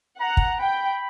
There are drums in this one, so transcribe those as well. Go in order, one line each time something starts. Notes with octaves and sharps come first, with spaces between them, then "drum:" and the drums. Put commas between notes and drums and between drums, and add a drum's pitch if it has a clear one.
F#5 A#5
drum: kick
G5 B5